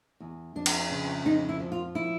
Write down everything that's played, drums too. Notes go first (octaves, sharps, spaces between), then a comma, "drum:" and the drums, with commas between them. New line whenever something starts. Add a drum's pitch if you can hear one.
E2
F2 D4
drum: cymbal
C#3
F2 D#4
E4
F3
F4
E4